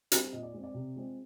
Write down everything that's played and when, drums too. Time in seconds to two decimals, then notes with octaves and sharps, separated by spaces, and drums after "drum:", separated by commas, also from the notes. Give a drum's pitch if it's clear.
0.12 G3 C4, drum: hi-hat
0.33 A#2 D#5
0.43 D5
0.53 G#3 C4
0.63 D5
0.74 C3
0.95 F3 G#3 C4